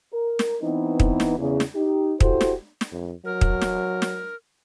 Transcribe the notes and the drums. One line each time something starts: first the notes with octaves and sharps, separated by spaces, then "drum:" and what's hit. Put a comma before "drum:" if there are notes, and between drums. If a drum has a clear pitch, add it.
A#4
drum: snare
E3 B3 C4 D#4
drum: kick
drum: snare
E2 C#3
drum: snare
D#4 G4
E4 F#4 G4 A4 C5, drum: kick
drum: snare
drum: snare
F2
F#3 A#4
drum: kick
drum: snare
drum: snare